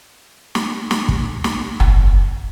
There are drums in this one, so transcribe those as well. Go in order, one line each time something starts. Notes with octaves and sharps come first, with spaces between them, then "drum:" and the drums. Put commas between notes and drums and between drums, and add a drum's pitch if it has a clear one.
drum: snare
drum: snare
drum: kick
drum: snare
F#1, drum: tom A#1